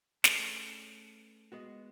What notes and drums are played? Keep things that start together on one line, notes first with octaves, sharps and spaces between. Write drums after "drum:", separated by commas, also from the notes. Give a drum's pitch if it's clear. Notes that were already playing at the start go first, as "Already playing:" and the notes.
A3 C#4 G#4 B4, drum: snare
G#3 B3 F#4